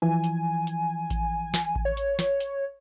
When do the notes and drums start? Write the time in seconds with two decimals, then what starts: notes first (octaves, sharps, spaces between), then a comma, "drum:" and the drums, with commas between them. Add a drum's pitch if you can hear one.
0.02 E3 F3 G#5
0.24 drum: hi-hat
0.67 drum: hi-hat
1.10 drum: kick A1, hi-hat
1.54 drum: snare
1.75 drum: kick A1
1.85 C#5
1.97 drum: hi-hat
2.19 drum: snare
2.40 drum: hi-hat